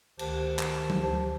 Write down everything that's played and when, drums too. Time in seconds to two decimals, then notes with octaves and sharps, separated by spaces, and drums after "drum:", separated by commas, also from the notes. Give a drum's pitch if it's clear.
0.19 D2 D#3 G4 C5 A5, drum: cymbal
0.59 drum: clap
0.90 drum: tom F#3